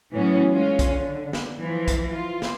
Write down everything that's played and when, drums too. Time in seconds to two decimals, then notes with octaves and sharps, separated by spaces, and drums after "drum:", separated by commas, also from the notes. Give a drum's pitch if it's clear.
0.12 A2 E3 F#3 B3 C#4
0.52 G#3 C#4 F4
0.79 drum: kick, hi-hat
0.88 D3
1.33 drum: snare
1.59 E3 F3
1.88 drum: kick, hi-hat
2.11 F4
2.42 drum: snare